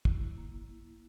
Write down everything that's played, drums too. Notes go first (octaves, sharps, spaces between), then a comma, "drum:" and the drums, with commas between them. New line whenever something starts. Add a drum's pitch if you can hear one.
E4, drum: kick
A#3